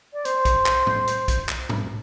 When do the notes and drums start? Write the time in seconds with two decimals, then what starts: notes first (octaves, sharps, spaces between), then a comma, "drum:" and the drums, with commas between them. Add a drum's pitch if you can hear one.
0.13 D5
0.25 C5, drum: hi-hat
0.45 drum: kick B1, hi-hat
0.66 drum: clap
0.87 drum: tom A2
1.07 drum: hi-hat
1.28 drum: kick B1, hi-hat
1.49 drum: clap
1.70 drum: tom G#2